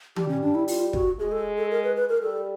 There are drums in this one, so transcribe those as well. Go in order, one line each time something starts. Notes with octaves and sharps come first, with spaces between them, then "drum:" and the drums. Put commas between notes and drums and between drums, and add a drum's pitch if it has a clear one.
G3 G4, drum: tom D#3
C#4
D4
E4
F4, drum: open hi-hat
F#4, drum: kick
G#3 G#4
A4
A4
A#4
B4
B4
A#4
G3 A4